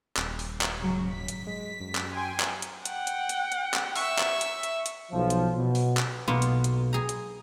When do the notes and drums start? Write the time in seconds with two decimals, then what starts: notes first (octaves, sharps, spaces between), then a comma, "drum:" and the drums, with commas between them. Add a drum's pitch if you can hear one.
0.17 D#1, drum: clap
0.39 drum: open hi-hat
0.61 drum: clap
0.78 G#2 C#3 F#3
1.12 B6
1.28 drum: hi-hat
1.47 G#3
1.80 F#2
1.95 drum: clap
2.13 G5 G#5 C6
2.40 drum: clap
2.62 drum: hi-hat
2.85 F#5 G5, drum: hi-hat
3.07 drum: hi-hat
3.29 drum: hi-hat
3.52 drum: hi-hat
3.74 drum: clap
3.96 E5 C#6 E6, drum: open hi-hat
4.19 drum: clap
4.41 drum: hi-hat
4.63 drum: hi-hat
4.86 drum: hi-hat
5.12 B1 F3
5.30 drum: hi-hat
5.56 B2
5.75 drum: open hi-hat
5.97 drum: clap
6.28 B1 B2 A#3 B3 F4
6.42 drum: hi-hat
6.64 drum: hi-hat
6.93 G#4 A#5
7.09 drum: hi-hat